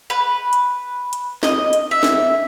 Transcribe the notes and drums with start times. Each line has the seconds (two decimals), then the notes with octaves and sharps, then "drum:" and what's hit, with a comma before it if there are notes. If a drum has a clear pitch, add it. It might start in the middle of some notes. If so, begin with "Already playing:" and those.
0.10 B4
0.53 drum: hi-hat
1.13 drum: hi-hat
1.43 D#5, drum: snare
1.73 drum: hi-hat
1.91 E5
2.03 drum: snare